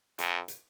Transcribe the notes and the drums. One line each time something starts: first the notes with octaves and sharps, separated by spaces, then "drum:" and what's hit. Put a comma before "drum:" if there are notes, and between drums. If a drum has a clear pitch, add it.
F2, drum: hi-hat
drum: hi-hat